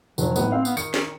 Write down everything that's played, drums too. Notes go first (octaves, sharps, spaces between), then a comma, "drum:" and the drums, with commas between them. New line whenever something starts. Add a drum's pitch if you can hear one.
F1 F#3 D4, drum: tambourine
G#1 A2 B3, drum: tambourine
C4 F5
B3, drum: tambourine
D#3 C#7, drum: tambourine
drum: snare